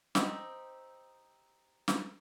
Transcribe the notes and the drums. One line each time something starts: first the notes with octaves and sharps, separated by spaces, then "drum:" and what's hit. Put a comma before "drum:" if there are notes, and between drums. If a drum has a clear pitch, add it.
C4 D#4 G4, drum: snare
drum: snare